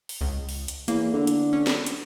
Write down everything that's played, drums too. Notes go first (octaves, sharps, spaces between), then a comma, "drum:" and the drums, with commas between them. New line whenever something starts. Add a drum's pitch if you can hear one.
drum: open hi-hat
C#2
drum: open hi-hat
drum: hi-hat
E2 A#3, drum: hi-hat
D3
drum: hi-hat
C#4
drum: snare
drum: hi-hat